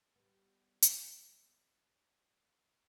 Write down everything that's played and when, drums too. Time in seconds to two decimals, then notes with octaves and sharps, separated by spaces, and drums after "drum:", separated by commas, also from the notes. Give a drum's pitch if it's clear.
0.16 G3 B3
0.82 drum: hi-hat